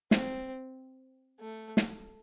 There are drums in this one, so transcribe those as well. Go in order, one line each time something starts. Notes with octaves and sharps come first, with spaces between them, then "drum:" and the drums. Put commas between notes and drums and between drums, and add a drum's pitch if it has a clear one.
C4, drum: snare
A3
drum: snare